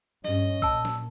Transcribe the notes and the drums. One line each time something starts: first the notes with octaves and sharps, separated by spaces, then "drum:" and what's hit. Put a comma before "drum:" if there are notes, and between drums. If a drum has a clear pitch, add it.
G2 C#4 D#5, drum: snare
A#2 A5 E6, drum: kick B1
drum: snare